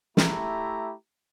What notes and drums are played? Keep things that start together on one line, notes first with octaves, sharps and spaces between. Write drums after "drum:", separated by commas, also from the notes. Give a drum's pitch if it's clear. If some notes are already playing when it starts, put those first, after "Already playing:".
A3 E4 G4 A#5, drum: snare